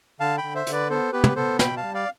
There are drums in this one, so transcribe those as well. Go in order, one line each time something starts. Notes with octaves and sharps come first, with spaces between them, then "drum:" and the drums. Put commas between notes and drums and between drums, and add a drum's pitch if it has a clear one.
D3 F5 A5
G5 B5
D3
C5 E5
D3, drum: hi-hat
B4 D5
B3 A4 C5
B3 G4 B4
drum: tom
B3 A4 C5
B2 G5 B5, drum: snare
F5 A5
G3
D5 F5